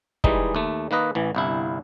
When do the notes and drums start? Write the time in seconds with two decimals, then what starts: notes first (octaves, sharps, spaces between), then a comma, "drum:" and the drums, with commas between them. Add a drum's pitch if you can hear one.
0.24 E3 G3 G#3 D#4, drum: kick
0.55 D#2 A3
0.91 D#3 A#3 B4 D#5
1.15 A1 E3
1.35 G1 C2 E4